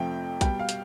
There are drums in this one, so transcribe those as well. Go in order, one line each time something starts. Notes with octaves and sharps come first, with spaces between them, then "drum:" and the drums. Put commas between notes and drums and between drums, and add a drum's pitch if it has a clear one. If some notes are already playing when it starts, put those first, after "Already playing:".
Already playing: F2 C3 F3 A3 G5
B2 G3 G5, drum: kick A#1, hi-hat
F5
drum: hi-hat